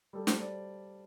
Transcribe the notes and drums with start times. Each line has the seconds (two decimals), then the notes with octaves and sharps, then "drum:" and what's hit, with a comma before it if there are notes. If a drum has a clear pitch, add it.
0.13 G3 A4
0.27 C5, drum: snare
0.39 D5